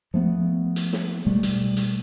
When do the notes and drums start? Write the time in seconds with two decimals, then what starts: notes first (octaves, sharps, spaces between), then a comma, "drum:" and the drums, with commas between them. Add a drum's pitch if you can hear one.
0.14 F3 A3 B3
0.76 drum: hi-hat
0.93 drum: snare
1.26 B2 G3 A3
1.43 drum: hi-hat
1.77 drum: hi-hat